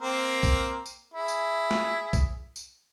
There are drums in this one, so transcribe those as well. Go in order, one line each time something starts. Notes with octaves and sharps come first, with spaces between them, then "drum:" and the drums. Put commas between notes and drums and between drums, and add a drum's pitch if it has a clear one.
A#3 C4 A#4
drum: kick B1, tambourine
drum: tambourine
E4 G#4
drum: tambourine
drum: snare
drum: kick B1, tambourine
drum: tambourine